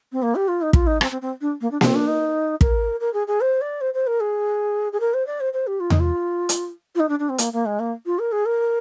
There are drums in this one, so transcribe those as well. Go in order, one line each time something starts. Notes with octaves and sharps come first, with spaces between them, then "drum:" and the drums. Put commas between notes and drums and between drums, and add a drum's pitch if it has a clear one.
C4
A#3
G4
F4
D#4
F4, drum: kick
D#4
C4, drum: rim click
C4
C4
D4
A#3
D4
C4, drum: snare A#3
D4
D#4
A#4, drum: kick
A#4
G#4
G#4
C5
D5
C5
C5
A#4
G#4
G#4
A#4
C5
D5
C5
C5
G4
F4
D#4, drum: tom E2
F4
drum: hi-hat
F4
D#4
D4
D4
C4
A#3, drum: hi-hat
A#3
G#3
A#3
F4
A#4
G#4
A#4